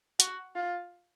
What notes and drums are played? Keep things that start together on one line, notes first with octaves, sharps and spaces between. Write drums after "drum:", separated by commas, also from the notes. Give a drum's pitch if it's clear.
F#4, drum: hi-hat
F4